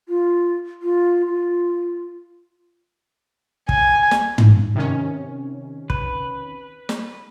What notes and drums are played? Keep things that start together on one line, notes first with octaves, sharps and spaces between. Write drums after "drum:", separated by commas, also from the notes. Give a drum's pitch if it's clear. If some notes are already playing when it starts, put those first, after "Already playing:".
F4
F4
F4
G#5, drum: kick
drum: snare
drum: tom
C3 D#3 C#4
B4, drum: kick
drum: snare